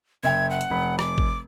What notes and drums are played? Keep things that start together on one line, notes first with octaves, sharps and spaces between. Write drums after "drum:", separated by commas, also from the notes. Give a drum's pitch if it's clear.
F#1 E5 G5 G#6
F#5
drum: hi-hat
F1 B5
D6, drum: rim click
drum: kick